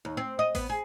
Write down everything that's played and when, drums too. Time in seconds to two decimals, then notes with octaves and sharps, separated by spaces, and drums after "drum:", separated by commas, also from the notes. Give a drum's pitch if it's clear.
0.05 D#2
0.17 C4
0.39 D#5
0.55 B3, drum: kick A1, open hi-hat
0.70 G#4